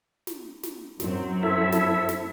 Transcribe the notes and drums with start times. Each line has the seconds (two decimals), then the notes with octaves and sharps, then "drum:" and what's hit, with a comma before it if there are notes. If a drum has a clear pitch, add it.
0.27 drum: snare
0.63 drum: snare
1.00 F#2 F#3 C4, drum: snare
1.43 E4 A4 E5
1.72 drum: snare
2.09 drum: snare